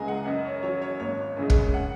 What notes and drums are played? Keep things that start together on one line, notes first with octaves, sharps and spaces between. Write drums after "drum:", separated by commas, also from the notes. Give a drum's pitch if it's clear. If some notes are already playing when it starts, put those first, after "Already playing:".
Already playing: C#2 C#3 G#3 G#5 A#5
F#5
F#2 D#5
C#5
F#3 C#5
C#5
G#1 C#5
F#2 C#3 G#3
drum: kick
F#5